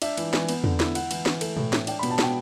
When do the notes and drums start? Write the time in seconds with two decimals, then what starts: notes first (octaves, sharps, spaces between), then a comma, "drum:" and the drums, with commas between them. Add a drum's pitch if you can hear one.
0.02 D4 E5, drum: cymbal
0.17 E3, drum: cymbal
0.33 E3, drum: snare
0.49 B3, drum: cymbal
0.64 D3, drum: tom E2
0.80 E4, drum: snare
0.95 E4 F#5, drum: cymbal
1.11 E3, drum: cymbal
1.26 E3, drum: snare
1.41 A3, drum: cymbal
1.57 A2, drum: tom A#2
1.73 A2, drum: snare
1.87 D4 G5, drum: cymbal
1.99 B5
2.03 B2, drum: cymbal
2.11 A5
2.19 B2 G5, drum: snare